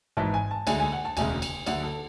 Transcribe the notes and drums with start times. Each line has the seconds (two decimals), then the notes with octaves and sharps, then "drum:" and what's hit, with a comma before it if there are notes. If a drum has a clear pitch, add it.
0.17 G#1 G#2 E3 A5
0.34 G#5
0.51 A5
0.67 D2 D3 G#3 G#5, drum: cymbal
0.80 G#5
0.92 F#5
1.05 A5
1.17 E1 D2 C#3 G#3 G#5, drum: cymbal
1.42 drum: cymbal
1.66 D2 D3 F#3 F#5, drum: cymbal
1.83 A4